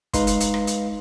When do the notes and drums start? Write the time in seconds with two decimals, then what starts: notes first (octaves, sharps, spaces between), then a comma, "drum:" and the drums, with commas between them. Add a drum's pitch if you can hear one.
0.13 G#3 D#4 B4 F5 C6, drum: kick, hi-hat
0.27 drum: hi-hat
0.40 drum: hi-hat
0.54 drum: rim click
0.67 drum: hi-hat